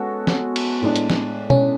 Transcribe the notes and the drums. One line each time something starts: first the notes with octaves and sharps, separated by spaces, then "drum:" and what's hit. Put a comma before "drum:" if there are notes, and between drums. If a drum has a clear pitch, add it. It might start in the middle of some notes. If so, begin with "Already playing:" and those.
Already playing: G#3 B3 C#4 F#4 A4
drum: snare
drum: cymbal
A2 G#3 D4
drum: hi-hat
drum: snare
C#4, drum: tom B2